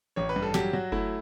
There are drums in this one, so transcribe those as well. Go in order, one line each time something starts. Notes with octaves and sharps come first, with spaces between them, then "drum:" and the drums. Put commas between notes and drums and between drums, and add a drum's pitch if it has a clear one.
A1 C#5
B4
G2
A4
F#3 G4, drum: snare
F#3 F#4
A3 E4, drum: kick F#1